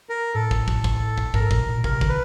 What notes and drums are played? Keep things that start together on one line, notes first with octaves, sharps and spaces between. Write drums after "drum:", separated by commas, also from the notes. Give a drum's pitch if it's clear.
A#4
A2 A4
drum: kick
drum: kick
drum: kick
drum: kick
G#2 A#4, drum: kick
A2, drum: kick
B2
A#2
C3 A#4, drum: kick
D3, drum: kick
B4